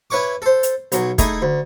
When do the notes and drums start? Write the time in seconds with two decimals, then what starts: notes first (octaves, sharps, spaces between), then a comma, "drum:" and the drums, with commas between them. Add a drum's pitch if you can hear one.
0.10 E4 B4 C#5 C#6 D6
0.42 A4 C5
0.63 drum: hi-hat
0.92 B1 F#3, drum: hi-hat
1.18 A3 D#4 E4 G#4, drum: kick, hi-hat
1.42 D2